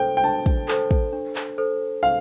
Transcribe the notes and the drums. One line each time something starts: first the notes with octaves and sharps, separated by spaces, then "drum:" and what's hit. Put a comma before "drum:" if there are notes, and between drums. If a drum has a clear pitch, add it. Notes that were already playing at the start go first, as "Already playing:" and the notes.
Already playing: D4 A4 C5 G5
G5
D4 A5
drum: kick
A4 C5, drum: clap
drum: kick
D4
drum: clap
A4 C5
D4 F5